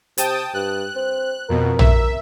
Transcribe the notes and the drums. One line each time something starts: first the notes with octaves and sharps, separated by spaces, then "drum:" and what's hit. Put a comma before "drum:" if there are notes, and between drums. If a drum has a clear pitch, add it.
C3 G5 A5 D#6, drum: hi-hat
G2 F#6
C4
F2 B2 A#4
E5, drum: tom A#1